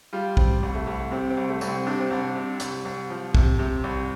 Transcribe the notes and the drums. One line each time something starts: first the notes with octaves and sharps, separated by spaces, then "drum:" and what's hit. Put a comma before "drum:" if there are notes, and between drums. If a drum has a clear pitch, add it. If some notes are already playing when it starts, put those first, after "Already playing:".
G3 F4
G3 C4, drum: kick
C2
A3
C2
C3 C4
C4
C2
A3
C2, drum: tambourine
C4
C3 D4
C4
C2 D4
C3
C2, drum: hi-hat
C2
F3
C3, drum: kick
C3
C2